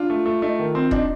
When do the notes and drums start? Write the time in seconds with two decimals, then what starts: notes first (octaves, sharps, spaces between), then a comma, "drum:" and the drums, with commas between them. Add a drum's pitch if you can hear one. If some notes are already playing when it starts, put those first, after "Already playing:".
Already playing: D4 F4
0.10 A3
0.26 A3
0.42 A3 D#4
0.59 D#3
0.75 C4
0.91 D4 D#4, drum: kick E1